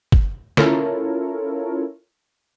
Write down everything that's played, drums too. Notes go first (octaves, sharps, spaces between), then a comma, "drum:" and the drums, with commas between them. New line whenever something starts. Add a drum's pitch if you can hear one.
drum: kick G1
C#4 E4 F4 A4 A#4 C#5, drum: snare